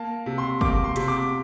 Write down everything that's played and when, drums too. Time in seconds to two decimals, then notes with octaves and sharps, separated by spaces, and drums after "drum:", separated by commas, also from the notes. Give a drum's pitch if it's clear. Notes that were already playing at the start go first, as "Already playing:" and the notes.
Already playing: A#3 A5
0.26 C3
0.38 C6
0.61 A#3 D6, drum: kick
0.84 C6
0.96 C3, drum: hi-hat
1.08 D6